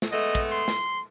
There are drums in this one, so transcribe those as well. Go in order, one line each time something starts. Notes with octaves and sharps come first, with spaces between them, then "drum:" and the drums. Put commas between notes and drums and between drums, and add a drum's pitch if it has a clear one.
drum: snare
G#3 A3 B3 D#5
drum: kick
C6
drum: snare